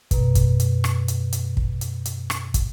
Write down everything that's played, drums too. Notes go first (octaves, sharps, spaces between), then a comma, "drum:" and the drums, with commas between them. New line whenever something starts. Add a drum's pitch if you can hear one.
F#2 B2, drum: kick, hi-hat
drum: kick, hi-hat
drum: hi-hat
drum: rim click
drum: hi-hat
drum: hi-hat
drum: kick
drum: hi-hat
drum: hi-hat
drum: rim click
drum: kick, hi-hat